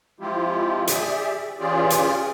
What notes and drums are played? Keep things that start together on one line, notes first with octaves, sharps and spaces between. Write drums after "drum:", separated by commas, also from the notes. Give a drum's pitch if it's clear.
F3 G#3 C4 E4 F4 G4
G4 G#4 D5 E5, drum: hi-hat
E3 C#4 F4 G4 G#4 D5
drum: hi-hat